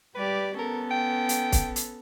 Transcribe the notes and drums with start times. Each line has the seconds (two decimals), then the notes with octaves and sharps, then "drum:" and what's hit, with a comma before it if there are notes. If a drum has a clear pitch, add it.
0.15 G3 G4 B4 D5
0.58 B3 C#4 A4 A#4
0.91 G5
1.29 drum: hi-hat
1.52 drum: kick, hi-hat
1.76 drum: hi-hat